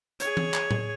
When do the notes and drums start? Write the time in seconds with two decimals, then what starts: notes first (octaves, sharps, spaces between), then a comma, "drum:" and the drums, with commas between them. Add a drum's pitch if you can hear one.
0.20 G#4 C#5, drum: hi-hat
0.37 drum: tom E3
0.54 drum: clap
0.71 drum: tom A2